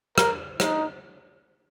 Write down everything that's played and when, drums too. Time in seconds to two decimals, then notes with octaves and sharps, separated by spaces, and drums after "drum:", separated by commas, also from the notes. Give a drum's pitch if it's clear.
0.18 A#4, drum: rim click
0.60 D#4, drum: rim click